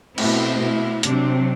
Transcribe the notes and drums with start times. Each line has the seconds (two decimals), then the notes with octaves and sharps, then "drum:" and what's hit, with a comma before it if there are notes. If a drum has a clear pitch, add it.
0.18 B2 A3 C4 E4, drum: cymbal
0.61 E4
1.03 C3 F#3 C4 D4, drum: hi-hat